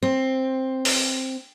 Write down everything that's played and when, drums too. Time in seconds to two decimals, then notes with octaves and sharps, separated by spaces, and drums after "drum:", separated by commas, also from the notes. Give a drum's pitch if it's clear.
0.03 C4
0.85 drum: open hi-hat